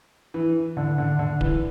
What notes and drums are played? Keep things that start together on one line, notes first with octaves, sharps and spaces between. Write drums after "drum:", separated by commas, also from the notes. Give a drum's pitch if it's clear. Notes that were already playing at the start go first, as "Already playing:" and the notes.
E3
D3
D3
D3
E3, drum: kick D1